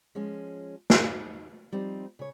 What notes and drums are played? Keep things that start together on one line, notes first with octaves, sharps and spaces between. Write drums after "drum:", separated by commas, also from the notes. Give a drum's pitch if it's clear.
F3 G#3 C#4
D#4, drum: snare
F3 G3 C4 D#4
C#3 C#5